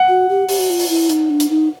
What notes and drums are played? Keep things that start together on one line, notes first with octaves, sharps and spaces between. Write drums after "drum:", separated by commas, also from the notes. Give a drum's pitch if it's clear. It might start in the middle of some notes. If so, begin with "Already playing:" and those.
Already playing: F#5
F#4
G4
G4, drum: open hi-hat
F#4
F4
drum: open hi-hat
E4
D#4, drum: hi-hat
D4
drum: hi-hat
D#4